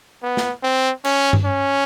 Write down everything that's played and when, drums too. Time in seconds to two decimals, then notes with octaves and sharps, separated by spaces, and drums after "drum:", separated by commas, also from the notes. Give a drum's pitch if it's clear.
0.23 B3
0.37 drum: snare
0.63 C4
1.04 C#4, drum: cymbal
1.33 drum: tom G2
1.45 C#4